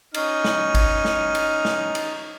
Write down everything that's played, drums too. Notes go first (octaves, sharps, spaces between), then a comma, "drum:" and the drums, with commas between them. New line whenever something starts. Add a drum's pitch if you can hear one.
C#4 D#4 F6, drum: cymbal
drum: snare
drum: kick G#1, cymbal
drum: snare
drum: cymbal
drum: snare
drum: cymbal